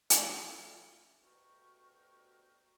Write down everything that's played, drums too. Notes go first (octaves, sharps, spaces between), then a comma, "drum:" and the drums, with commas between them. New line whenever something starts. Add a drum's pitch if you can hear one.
A3 C#4 F4, drum: hi-hat
D2 B2 F#4 G4 A#4 C#6